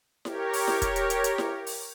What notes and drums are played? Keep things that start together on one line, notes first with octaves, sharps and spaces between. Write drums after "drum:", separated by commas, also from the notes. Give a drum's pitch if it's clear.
G4 A#4 C#5, drum: snare E4
drum: open hi-hat
drum: snare E4
drum: kick, hi-hat
drum: hi-hat
drum: hi-hat
drum: hi-hat
drum: snare E4
drum: open hi-hat